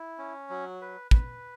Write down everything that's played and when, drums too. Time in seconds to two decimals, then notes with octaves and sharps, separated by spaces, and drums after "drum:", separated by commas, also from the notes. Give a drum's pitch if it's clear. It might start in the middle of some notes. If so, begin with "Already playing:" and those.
Already playing: E4
0.18 C#4
0.50 F#3
0.81 B4
1.11 B4, drum: kick